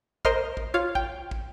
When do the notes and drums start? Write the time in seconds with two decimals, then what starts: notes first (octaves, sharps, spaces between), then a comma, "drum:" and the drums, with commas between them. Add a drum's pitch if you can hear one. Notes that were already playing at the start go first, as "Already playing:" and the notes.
0.25 A#4 C5 D#5 C6 F6, drum: kick
0.57 drum: kick
0.74 F4 C#5 F5
0.95 G5, drum: kick
1.31 drum: kick